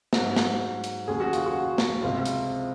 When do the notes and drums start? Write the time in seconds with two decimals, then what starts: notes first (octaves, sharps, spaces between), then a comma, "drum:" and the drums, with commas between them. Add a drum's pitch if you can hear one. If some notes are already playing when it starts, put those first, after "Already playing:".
0.13 G#2 F#3, drum: snare
0.36 drum: snare
0.84 drum: hi-hat
1.08 D#2 C#3 F#3 G#4
1.20 F#4
1.33 F4, drum: hi-hat
1.46 F#4
1.78 drum: snare
2.02 C#2 C3 F3 F4
2.26 drum: hi-hat